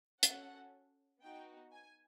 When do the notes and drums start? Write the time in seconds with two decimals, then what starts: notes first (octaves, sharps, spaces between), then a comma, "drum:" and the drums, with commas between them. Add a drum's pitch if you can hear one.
0.23 C#4 F#4 A4 F#5, drum: hi-hat
1.22 B3 D#4 F#4 G5
1.72 G#5